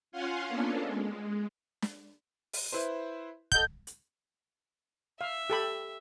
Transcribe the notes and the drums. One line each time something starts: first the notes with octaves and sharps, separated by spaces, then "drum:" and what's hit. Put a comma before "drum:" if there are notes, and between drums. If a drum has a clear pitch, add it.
C#4 F4 F5 F#5 G#5 C6
A#3 B3 C#4 D4 F4 A4
G#3
drum: snare
drum: open hi-hat
E4 B4 C5
A4 D#5 F#5 G6, drum: kick
drum: hi-hat
E5 F5
G4 A4 B5